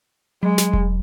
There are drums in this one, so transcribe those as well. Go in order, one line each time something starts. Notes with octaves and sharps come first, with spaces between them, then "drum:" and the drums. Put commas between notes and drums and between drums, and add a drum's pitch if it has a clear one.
F#3 G#3
drum: snare
drum: kick E1